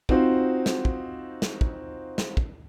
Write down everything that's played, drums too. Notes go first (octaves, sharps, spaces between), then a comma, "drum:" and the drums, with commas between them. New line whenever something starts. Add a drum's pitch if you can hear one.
C4 D#4 F4 F#4 C5, drum: kick
drum: snare
drum: kick
drum: snare
drum: kick
drum: snare
drum: kick